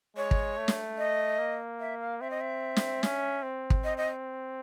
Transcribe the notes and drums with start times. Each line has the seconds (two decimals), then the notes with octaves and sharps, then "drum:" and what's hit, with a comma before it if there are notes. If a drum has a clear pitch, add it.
0.16 G#3 C#5
0.31 drum: kick
0.58 A3
0.68 drum: snare
0.98 D#5
1.39 A#3
1.80 E5
2.01 F5
2.21 C4 E5
2.31 D#5
2.41 E5
2.76 drum: snare
3.03 C#4, drum: snare
3.43 C4
3.70 drum: kick
3.84 D#5
3.97 D#5